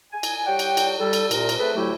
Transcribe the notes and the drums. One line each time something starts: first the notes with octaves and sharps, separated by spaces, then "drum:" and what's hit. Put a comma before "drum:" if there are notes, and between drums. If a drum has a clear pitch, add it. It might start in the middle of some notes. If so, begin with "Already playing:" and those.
G#5
drum: cymbal
G3 C#5 D5 F#5 G5
drum: cymbal
drum: cymbal
G3 A4
drum: cymbal
C2 A#2 A#4, drum: cymbal
drum: cymbal
A3 C4 G#4 A4 B4
D2 A2 F#3 A3 E4 G4